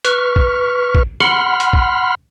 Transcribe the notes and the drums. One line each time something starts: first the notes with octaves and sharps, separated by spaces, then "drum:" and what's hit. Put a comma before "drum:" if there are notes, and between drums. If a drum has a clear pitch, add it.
B4 C#6 F6, drum: hi-hat
drum: kick
drum: kick
F#5 B5 C6 F6, drum: rim click
drum: hi-hat
drum: kick